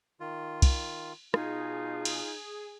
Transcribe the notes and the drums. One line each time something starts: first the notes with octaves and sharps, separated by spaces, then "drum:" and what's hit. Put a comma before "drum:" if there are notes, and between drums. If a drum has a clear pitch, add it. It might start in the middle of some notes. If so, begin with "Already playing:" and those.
D#3 F4
drum: kick, cymbal
B2 D#4 F4 G#4, drum: rim click
drum: cymbal